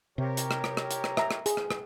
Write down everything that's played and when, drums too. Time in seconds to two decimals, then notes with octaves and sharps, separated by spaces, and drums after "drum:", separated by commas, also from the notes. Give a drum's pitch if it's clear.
0.18 C3 G4 A#4 C#5
0.37 drum: hi-hat
0.51 drum: rim click
0.64 drum: rim click
0.77 drum: rim click
0.91 drum: hi-hat
1.04 drum: rim click
1.17 E5 A#5, drum: rim click
1.31 drum: rim click
1.46 G#4, drum: hi-hat
1.57 drum: rim click
1.71 drum: rim click